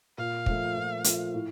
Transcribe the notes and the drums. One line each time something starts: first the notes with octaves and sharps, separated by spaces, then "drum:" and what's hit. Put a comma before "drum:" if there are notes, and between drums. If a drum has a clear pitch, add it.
A#2 F5
F3 A3, drum: kick
A#2
F3 A3, drum: hi-hat
A2